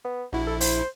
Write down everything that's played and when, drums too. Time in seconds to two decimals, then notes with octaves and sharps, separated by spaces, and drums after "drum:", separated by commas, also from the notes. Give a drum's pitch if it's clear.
0.05 B3
0.33 A#1 E4 F#4
0.47 A4
0.61 C5, drum: open hi-hat